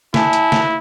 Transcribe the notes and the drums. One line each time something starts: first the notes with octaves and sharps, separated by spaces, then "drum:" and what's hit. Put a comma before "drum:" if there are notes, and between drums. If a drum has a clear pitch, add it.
E4 G#5 A5, drum: snare
drum: hi-hat
drum: snare